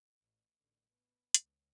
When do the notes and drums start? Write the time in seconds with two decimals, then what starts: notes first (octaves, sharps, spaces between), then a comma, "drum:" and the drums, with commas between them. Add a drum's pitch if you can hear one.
0.19 A1
0.58 A1 D3
0.89 B3
1.34 C#2, drum: hi-hat